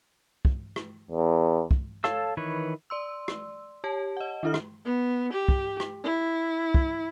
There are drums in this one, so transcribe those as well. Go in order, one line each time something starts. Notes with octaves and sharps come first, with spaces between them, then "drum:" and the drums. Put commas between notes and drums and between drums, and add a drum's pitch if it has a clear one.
drum: kick
drum: rim click
E2
drum: kick
A4 C#5 F5 A5 E6, drum: rim click
D#3 E3 B4 C#5
D5 C6 E6
drum: rim click
G4 C#5 A5
D#5 F#5
D#3 D4 E4 A4 F6
drum: rim click
B3
G4
drum: kick
drum: rim click
E4
drum: kick